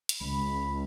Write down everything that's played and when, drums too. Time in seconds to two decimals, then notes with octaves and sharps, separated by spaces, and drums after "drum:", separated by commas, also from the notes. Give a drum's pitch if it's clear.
0.09 drum: hi-hat
0.21 C#2 B5